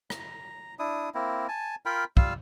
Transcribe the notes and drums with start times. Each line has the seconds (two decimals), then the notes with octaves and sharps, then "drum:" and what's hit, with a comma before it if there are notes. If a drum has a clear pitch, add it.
0.10 A#5, drum: rim click
0.79 D4 E4 D#6
1.14 A#3 C4 E4
1.48 G#5 A5
1.86 F4 A#4 G5 B5
2.17 G3 F4 F5 E6, drum: kick